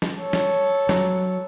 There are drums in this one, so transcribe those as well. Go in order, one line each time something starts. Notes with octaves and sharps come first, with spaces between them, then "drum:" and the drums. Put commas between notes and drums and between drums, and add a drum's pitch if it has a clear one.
drum: snare
A4 C#5
drum: snare
F#3, drum: snare